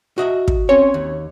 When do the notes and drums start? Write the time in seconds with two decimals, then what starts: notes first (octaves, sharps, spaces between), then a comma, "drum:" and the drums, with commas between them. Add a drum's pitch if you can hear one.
0.18 F#4 D#5 E5
0.48 drum: kick
0.69 C4 C#4 C#5
0.94 D#2